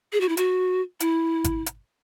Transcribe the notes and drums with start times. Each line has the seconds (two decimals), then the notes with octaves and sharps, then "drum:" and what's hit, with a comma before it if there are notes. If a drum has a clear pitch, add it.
0.13 G#4
0.21 F#4
0.29 E4
0.37 F#4, drum: hi-hat
1.00 E4, drum: hi-hat
1.44 drum: kick G#1, hi-hat
1.66 drum: hi-hat